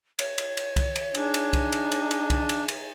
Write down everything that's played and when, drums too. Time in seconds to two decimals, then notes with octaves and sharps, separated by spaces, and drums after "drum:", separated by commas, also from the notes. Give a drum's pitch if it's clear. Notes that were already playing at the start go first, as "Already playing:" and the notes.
0.19 C#5, drum: cymbal
0.38 drum: cymbal
0.57 drum: cymbal
0.76 drum: kick C2, cymbal
0.96 drum: cymbal
1.15 D4 D#4 G#4, drum: cymbal
1.34 drum: cymbal
1.53 drum: kick C2, cymbal
1.72 drum: cymbal
1.92 drum: cymbal
2.11 drum: cymbal
2.30 drum: kick C2, cymbal
2.49 drum: cymbal
2.68 drum: cymbal